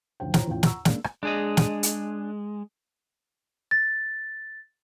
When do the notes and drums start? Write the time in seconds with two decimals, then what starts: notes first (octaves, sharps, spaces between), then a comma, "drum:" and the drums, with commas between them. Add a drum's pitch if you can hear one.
0.20 F#1 D2 F3 C5 G5
0.34 E4 F4 C5 C#5 G5 A#5, drum: snare
0.47 E2 A2 C#3 F4 G5
0.63 F#5 A#5 C#6 E6, drum: snare
0.85 G#3 A#3 C#4 D4 D5, drum: snare
1.04 drum: rim click
1.23 G#3 D4 G#4 D#5
1.57 drum: snare
1.83 drum: hi-hat
3.71 A6